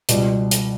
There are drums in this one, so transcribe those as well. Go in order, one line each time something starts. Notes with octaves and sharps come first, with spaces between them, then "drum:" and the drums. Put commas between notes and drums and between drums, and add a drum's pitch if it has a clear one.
C#2 B2 G3, drum: hi-hat
drum: hi-hat